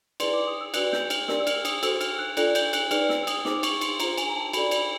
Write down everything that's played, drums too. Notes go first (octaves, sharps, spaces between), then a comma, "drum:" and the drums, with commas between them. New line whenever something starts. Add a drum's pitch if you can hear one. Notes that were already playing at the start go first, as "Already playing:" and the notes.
E4 G#4 B4 D5 C6, drum: cymbal
D6
D#6
E6
D4 F#4 B4 D5 F#6, drum: cymbal
G6, drum: snare
F6, drum: cymbal
D4 G4 A#4 D5 E6, drum: snare
E6
F6, drum: cymbal
D#6, drum: cymbal
F#4 A4 C5 E6, drum: cymbal
F6, drum: cymbal
F#6
D4 F4 A4 D5 F#6, drum: cymbal
G6, drum: cymbal
F#6, drum: cymbal
D#4 G#4 B4 D5 F6, drum: cymbal
E6, drum: snare
E6
D#6, drum: cymbal
D#4 G#4 C5 D6, drum: snare
C#6, drum: cymbal
C6, drum: cymbal
F4 G#4 C5 A#5, drum: cymbal
G#5, drum: cymbal
A#5
A5
F#4 A4 D5 B5, drum: cymbal
B5, drum: cymbal